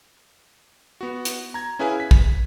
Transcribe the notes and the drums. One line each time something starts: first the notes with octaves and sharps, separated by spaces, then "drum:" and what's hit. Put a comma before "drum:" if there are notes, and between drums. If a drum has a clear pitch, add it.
B3 F#4
drum: hi-hat
A#5 G#6
C#4 E4 G#4 B4 F5 G#5
B6
drum: kick A#1